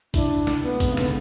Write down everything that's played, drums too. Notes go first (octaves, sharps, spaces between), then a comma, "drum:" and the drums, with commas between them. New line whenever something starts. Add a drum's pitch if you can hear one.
D4 E4, drum: kick, hi-hat
drum: snare
A3 B3
G#3, drum: kick, hi-hat
C#3
D3, drum: snare